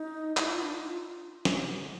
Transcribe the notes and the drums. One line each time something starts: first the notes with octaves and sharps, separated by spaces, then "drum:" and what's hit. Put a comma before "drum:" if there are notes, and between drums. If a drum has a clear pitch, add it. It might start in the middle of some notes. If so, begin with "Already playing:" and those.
Already playing: D#4
E4, drum: clap
F4
D4
D#4
F4
drum: snare